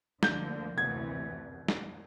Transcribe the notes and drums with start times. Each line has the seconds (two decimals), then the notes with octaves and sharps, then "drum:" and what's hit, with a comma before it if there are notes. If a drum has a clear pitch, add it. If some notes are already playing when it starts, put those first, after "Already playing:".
0.23 D2 D3 F3 A#3 G6, drum: snare
0.78 D2 C3 E3 G#6
1.68 drum: snare